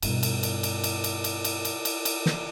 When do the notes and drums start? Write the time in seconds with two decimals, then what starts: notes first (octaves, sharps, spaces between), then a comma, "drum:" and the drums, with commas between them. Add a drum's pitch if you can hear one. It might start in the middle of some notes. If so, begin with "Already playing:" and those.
0.03 G2 B2, drum: cymbal
0.23 drum: cymbal
0.43 drum: cymbal
0.63 drum: cymbal
0.84 drum: cymbal
1.04 drum: cymbal
1.24 drum: cymbal
1.45 drum: cymbal
1.65 drum: cymbal
1.85 drum: cymbal
2.05 drum: cymbal
2.26 drum: snare